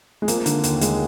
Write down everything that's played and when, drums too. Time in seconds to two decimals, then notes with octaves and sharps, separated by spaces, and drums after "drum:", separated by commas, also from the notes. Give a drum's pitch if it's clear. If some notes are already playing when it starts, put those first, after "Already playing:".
0.22 G#3
0.28 F3 A#3, drum: hi-hat
0.46 D3, drum: hi-hat
0.64 D#2, drum: hi-hat
0.81 D#2 G#3, drum: hi-hat